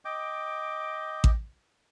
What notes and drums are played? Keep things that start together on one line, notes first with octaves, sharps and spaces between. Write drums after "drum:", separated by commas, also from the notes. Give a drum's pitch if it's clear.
D#5 G5 D6
drum: kick A1